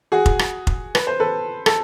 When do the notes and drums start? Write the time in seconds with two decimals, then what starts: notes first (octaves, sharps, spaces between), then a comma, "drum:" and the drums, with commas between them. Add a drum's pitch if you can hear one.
0.12 F#4 G#4
0.26 drum: kick F1
0.39 drum: rim click
0.67 drum: kick F1
0.95 B4, drum: rim click
1.07 C5
1.20 A4 B4
1.66 A4, drum: rim click